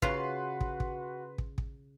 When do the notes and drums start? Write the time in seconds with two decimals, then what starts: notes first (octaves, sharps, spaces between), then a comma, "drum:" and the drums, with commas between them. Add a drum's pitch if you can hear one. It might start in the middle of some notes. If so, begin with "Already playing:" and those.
0.02 C#3 F4 F#4 B4 C6, drum: kick
0.61 drum: kick
0.80 drum: kick
1.38 drum: kick
1.58 drum: kick